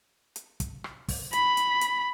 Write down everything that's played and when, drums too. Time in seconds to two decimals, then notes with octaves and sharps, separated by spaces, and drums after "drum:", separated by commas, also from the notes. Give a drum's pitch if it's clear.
0.36 drum: hi-hat
0.60 drum: kick, hi-hat
0.84 drum: rim click
1.08 drum: kick, open hi-hat
1.33 B5, drum: hi-hat
1.57 drum: hi-hat
1.81 drum: hi-hat